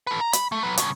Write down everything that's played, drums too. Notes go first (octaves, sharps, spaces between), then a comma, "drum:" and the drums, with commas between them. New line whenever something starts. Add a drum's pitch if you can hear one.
A4 B4
A#5
B5, drum: hi-hat
A3
F#3 B4
G2 C#3, drum: hi-hat